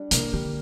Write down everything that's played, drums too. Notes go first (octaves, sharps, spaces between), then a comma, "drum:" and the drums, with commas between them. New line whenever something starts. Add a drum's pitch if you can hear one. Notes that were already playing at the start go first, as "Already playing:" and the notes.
Already playing: G3 D4
C3 A#3, drum: hi-hat
D3 G3